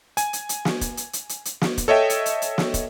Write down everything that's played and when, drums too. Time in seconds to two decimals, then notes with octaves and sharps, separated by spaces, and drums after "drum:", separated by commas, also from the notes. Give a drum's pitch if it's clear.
0.17 G#5, drum: hi-hat
0.33 drum: hi-hat
0.49 drum: hi-hat
0.65 drum: snare
0.81 drum: kick, hi-hat
0.97 drum: hi-hat
1.13 drum: hi-hat
1.29 drum: hi-hat
1.45 drum: hi-hat
1.61 drum: snare
1.78 drum: kick, hi-hat
1.88 A4 C#5 D#5 E5 G5
2.10 drum: hi-hat
2.26 drum: hi-hat
2.42 drum: hi-hat
2.58 drum: snare
2.74 drum: kick, hi-hat